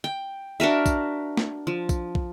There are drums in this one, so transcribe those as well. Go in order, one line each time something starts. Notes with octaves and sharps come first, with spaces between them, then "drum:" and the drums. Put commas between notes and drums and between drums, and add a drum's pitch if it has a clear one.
G5
D4 F#4 A#4 E5
drum: kick, tambourine
drum: snare
F3
drum: kick, tambourine
drum: kick